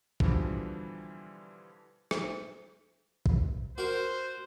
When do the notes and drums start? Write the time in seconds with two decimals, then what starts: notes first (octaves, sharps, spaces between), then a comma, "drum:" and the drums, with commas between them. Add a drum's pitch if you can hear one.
0.20 B2 D3 E3 F3 G3, drum: kick A#1
2.11 drum: rim click
3.26 drum: kick A#1
3.78 F#4 A#4 C5